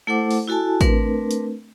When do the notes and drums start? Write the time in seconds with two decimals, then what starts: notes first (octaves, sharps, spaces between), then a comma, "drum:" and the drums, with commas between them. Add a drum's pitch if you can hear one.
0.07 A3 E4 A4 C5 F#5 D6
0.31 drum: open hi-hat
0.47 E4 F#4 A4 G#5 A5
0.81 A3 C4 D4 A#4 B4, drum: kick A1, hi-hat
1.31 drum: hi-hat